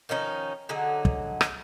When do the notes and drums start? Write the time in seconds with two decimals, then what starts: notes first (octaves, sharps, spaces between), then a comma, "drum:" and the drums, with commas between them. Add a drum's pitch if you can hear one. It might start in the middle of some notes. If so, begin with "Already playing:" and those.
0.09 D#3 F3 C#4 D#4
0.69 D3 F#3 D#4 G#4
1.05 drum: kick
1.41 drum: rim click